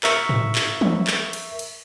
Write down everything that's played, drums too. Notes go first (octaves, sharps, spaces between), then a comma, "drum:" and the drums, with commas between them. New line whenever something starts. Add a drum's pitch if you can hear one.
A#4 E5 C#6, drum: clap
drum: tom G#2
drum: clap
drum: tom E3
drum: clap
drum: cymbal
drum: cymbal